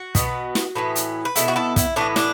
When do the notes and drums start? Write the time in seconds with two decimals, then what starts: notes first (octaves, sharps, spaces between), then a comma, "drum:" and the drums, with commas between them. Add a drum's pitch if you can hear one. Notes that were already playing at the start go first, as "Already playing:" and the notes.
Already playing: F#4
0.15 B2 B3, drum: kick, hi-hat
0.55 drum: snare
0.75 A2 E3 B3
0.96 drum: hi-hat
1.25 B4
1.35 B2 F#3 B3 E4 A4, drum: hi-hat
1.48 F#4
1.56 E4 A4
1.76 E4, drum: kick, hi-hat
1.96 A2 E3 B3 D4
2.16 D4, drum: snare